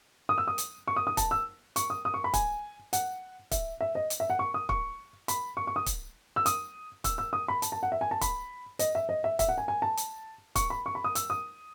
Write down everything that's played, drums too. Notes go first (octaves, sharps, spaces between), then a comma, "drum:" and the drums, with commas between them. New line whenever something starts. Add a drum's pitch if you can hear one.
D#6
E6
D#6
drum: hi-hat
C#6
D#6
D#6
A5, drum: kick, hi-hat
E6
C#6, drum: hi-hat
D#6
D#6
C#6
B5
G#5, drum: kick, hi-hat
F#5, drum: hi-hat
E5, drum: kick, hi-hat
E5
D#5
drum: hi-hat
E5
F#5
C#6
D#6
C#6, drum: kick
B5, drum: hi-hat
C#6
C#6
D#6
drum: kick, hi-hat
E6
D#6, drum: hi-hat
E6, drum: kick, hi-hat
E6
D#6
B5
A5, drum: hi-hat
A5
F#5
E5
G#5
A5
B5, drum: kick, hi-hat
D#5, drum: hi-hat
E5
D#5
E5
E5, drum: kick, hi-hat
F#5
G#5
G#5
A5
drum: hi-hat
C#6, drum: kick, hi-hat
B5
C#6
B5
D#6
E6, drum: hi-hat
D#6